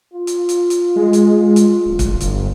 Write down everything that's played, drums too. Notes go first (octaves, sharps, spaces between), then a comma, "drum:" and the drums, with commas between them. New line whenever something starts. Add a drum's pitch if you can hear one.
F4
drum: hi-hat
drum: hi-hat
drum: hi-hat
G#3
drum: hi-hat
drum: hi-hat
D1
drum: kick, hi-hat
G1, drum: hi-hat